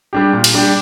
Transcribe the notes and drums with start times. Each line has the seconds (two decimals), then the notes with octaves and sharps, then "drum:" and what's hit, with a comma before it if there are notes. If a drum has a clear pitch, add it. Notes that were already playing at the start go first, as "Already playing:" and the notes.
0.13 G3 D4 G4
0.33 A#2
0.44 drum: cymbal
0.54 G3 D4 G4